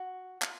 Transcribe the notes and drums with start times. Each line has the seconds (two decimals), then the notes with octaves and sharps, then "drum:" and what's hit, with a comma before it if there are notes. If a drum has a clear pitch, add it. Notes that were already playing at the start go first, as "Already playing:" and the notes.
Already playing: F#4
0.42 F4, drum: clap